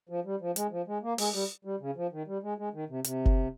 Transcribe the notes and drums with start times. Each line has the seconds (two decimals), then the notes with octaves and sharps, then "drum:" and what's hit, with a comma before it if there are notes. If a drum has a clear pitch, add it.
0.09 F3
0.25 G3
0.41 F3
0.56 G#3, drum: hi-hat
0.71 F3
0.87 G#3
1.03 A#3
1.18 G#3, drum: open hi-hat
1.33 G3
1.65 G3
1.80 C#3
1.96 F3
2.12 D#3
2.27 G3
2.43 G#3
2.58 G#3
2.74 D#3
2.89 C3
3.04 C3, drum: hi-hat
3.25 drum: kick F#1